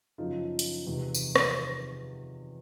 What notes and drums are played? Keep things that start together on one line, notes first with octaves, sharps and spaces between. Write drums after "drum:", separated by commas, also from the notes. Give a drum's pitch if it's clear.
F#2 C#3 F3 D#4 F4
drum: hi-hat
E2 C3 D#3
drum: tambourine
drum: rim click